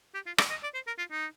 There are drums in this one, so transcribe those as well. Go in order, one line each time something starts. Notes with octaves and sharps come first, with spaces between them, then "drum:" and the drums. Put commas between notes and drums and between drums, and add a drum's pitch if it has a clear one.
G4
F4
D5, drum: rim click
D#5
D5
C5
A#4
F4
D#4